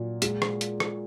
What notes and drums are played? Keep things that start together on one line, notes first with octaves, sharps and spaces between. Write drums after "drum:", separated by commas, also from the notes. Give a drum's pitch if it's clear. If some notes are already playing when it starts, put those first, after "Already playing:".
Already playing: A#2 F#3
G#3, drum: hi-hat
drum: rim click
drum: hi-hat
drum: rim click